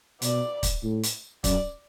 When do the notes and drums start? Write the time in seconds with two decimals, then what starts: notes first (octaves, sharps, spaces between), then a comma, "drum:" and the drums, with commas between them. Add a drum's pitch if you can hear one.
0.22 B2 D5, drum: hi-hat
0.63 drum: kick, hi-hat
0.83 A2
1.03 drum: hi-hat
1.44 F#2 D5, drum: kick, hi-hat